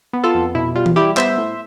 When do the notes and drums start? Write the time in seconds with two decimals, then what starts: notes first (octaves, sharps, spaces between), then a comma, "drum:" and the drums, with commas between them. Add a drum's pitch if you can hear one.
0.13 B3
0.23 F4 A4
0.34 F2
0.55 B2 E4
0.75 G3 F4
0.86 drum: tom E3
0.96 G3 E4 G4
1.17 B3 C5 E5, drum: clap
1.37 A2